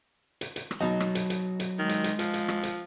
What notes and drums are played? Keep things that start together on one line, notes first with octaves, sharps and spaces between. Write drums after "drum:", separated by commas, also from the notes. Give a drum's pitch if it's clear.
drum: hi-hat
drum: hi-hat
drum: rim click
B2 F#3 D#4
drum: rim click
drum: hi-hat
drum: hi-hat
drum: hi-hat
D#3 G#3
drum: hi-hat
drum: hi-hat
F3, drum: hi-hat
drum: hi-hat
drum: rim click
drum: hi-hat